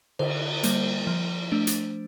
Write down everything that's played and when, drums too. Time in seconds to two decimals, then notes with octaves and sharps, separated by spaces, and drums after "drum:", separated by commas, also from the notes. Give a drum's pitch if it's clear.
0.19 D3 C5, drum: cymbal
0.63 G3 A#3, drum: hi-hat
1.07 F3
1.52 A3 D4
1.67 drum: hi-hat